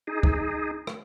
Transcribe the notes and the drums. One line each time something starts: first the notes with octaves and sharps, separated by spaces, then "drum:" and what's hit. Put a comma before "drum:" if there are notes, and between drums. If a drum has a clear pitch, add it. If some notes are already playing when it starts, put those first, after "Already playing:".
D#4 G#4
drum: kick
drum: rim click